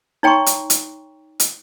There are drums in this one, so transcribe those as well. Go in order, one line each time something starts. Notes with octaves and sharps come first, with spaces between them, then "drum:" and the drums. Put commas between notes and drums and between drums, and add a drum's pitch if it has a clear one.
D#4 C#5 G5 A#5 C6 C#6
drum: hi-hat
drum: hi-hat
drum: hi-hat